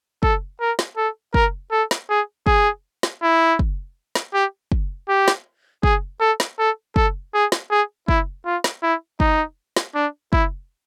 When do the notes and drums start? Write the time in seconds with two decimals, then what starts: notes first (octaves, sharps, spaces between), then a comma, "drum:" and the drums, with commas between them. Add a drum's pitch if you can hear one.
0.23 A4, drum: kick
0.61 A#4
0.79 drum: snare
0.97 A4
1.34 A#4, drum: kick
1.72 A4
1.91 drum: snare
2.10 G#4
2.47 G#4, drum: kick
3.03 drum: snare
3.23 E4
3.59 drum: kick
4.15 drum: snare
4.34 G4
4.72 drum: kick
5.09 G4
5.28 drum: snare
5.83 G#4, drum: kick
6.21 A4
6.40 drum: snare
6.59 A4
6.96 A4, drum: kick
7.34 G#4
7.52 drum: snare
7.71 G#4
8.08 E4, drum: kick
8.46 F4
8.64 drum: snare
8.83 E4
9.20 D#4, drum: kick
9.77 drum: snare
9.95 D4
10.33 E4, drum: kick